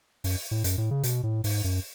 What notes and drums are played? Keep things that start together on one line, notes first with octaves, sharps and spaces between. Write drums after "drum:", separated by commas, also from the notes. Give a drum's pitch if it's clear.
F#2, drum: open hi-hat
A2
F#2, drum: hi-hat
A2
C#3
B2, drum: hi-hat
A2
G#2, drum: open hi-hat
F#2